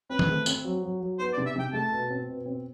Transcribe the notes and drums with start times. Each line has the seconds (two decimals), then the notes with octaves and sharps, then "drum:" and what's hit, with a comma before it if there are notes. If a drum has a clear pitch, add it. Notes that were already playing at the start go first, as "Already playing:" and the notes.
0.10 C4 B4
0.19 drum: tom D#3
0.29 A3
0.46 C4, drum: tambourine
0.64 F#3
0.83 F#3
1.00 F#3
1.19 B3 C5
1.33 D5
1.37 C3
1.46 E5
1.56 C3 G5
1.73 A3 A5
1.92 B2
2.10 C4
2.29 B2
2.46 C4